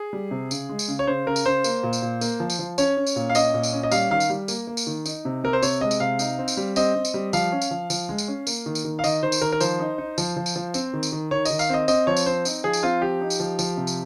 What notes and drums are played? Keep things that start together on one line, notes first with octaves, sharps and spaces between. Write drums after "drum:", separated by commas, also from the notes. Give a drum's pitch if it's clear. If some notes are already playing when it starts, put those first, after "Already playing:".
Already playing: G#4
G3
C3
C#3, drum: tambourine
G#3
drum: tambourine
C#3
C#5
C#3 C5
C#3 A#4
drum: tambourine
C#3 C5
A#3, drum: tambourine
A#2
drum: tambourine
A#2
A#3, drum: tambourine
F3
drum: tambourine
F3
C#4 C#5, drum: tambourine
C#4
drum: tambourine
A#2
F5
C#4 D#5, drum: tambourine
A#2
drum: tambourine
C#4
D#5
G3 F5, drum: tambourine
D#3 F5
drum: tambourine
G3
A#3, drum: tambourine
A#3
drum: tambourine
D#3
D#4, drum: tambourine
C3
C3 A#4
C5
C3 C#5, drum: tambourine
G#3 D#5
drum: tambourine
C3 F5
D#4, drum: tambourine
C4
drum: tambourine
G3
C4 D#5, drum: tambourine
C4
drum: tambourine
G3
F3 F5, drum: tambourine
C#4
drum: tambourine
F3
F3, drum: tambourine
G#3
drum: tambourine
C#4
A#3, drum: tambourine
D#3
drum: tambourine
D#3
F5
D#3 D#5, drum: tambourine
D#3 C5
drum: tambourine
D#3 A#4
A#4
F3 C5, drum: tambourine
D#4
D#4
F3, drum: tambourine
F3
drum: tambourine
F3
C4, drum: tambourine
D#3
drum: tambourine
D#3
D#3 C#5
D#3 D#5, drum: tambourine
F5, drum: tambourine
C4 D#5
C4 D#5, drum: tambourine
F3 C#5
drum: tambourine
C4 C5
D#4, drum: tambourine
F3 G#4
drum: tambourine
C4 F4
F3 G4
D#4
drum: tambourine
F3
F3, drum: tambourine
C3
drum: tambourine